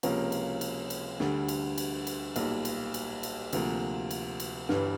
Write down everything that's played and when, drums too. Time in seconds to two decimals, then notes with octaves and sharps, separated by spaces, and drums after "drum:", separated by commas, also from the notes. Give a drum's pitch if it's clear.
0.03 C#2 C3 F3 A#3 C#4, drum: cymbal
0.32 drum: cymbal
0.61 drum: cymbal
0.90 drum: cymbal
1.20 D2 D3 G3, drum: snare
1.48 drum: cymbal
1.78 drum: cymbal
2.07 drum: cymbal
2.36 B1 A#2 G3, drum: cymbal
2.65 drum: cymbal
2.94 drum: cymbal
3.23 drum: cymbal
3.53 D2 C3 F3 A#3, drum: cymbal
4.11 drum: cymbal
4.40 drum: cymbal
4.69 G1 G2 E3 G3, drum: snare